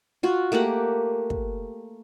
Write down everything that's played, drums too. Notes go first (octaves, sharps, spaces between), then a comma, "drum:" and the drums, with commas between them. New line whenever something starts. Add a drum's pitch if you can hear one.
F4 F#4
A3 A#3 G4 F#5
drum: kick